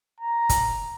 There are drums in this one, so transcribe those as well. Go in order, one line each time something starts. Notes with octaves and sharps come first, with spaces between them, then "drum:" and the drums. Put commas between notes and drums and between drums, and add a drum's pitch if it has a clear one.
A#5
drum: kick, hi-hat